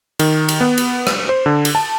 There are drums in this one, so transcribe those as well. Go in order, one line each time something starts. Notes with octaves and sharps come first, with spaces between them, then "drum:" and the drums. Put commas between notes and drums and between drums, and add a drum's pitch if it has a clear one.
D#3, drum: cymbal
drum: cymbal
B3
drum: cymbal
drum: rim click
C5
D3
drum: cymbal
A5